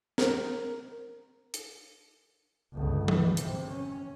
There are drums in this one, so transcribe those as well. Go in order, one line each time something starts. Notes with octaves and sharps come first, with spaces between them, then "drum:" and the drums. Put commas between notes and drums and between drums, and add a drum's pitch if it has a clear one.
A#4, drum: snare
drum: hi-hat
G1 C#2
E3, drum: tom
C3 C4, drum: hi-hat
C#4